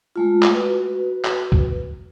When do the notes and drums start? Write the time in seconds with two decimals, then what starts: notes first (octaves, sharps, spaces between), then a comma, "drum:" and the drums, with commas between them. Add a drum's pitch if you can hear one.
0.16 G#3 A3 F4
0.43 drum: clap
0.53 F#4 B4
1.25 drum: clap
1.52 drum: kick C2